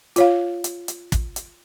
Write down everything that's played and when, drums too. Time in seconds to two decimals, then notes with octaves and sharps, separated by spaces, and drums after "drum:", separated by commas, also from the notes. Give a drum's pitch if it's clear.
0.16 F4 C#5 F5, drum: hi-hat
0.64 drum: hi-hat
0.88 drum: hi-hat
1.12 drum: kick, hi-hat
1.36 drum: hi-hat